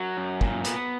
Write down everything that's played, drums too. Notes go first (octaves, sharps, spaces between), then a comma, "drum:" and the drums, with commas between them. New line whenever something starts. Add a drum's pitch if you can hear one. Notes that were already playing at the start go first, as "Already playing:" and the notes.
Already playing: F#3 F#4 A#4
F#2
A#2, drum: kick
B3, drum: hi-hat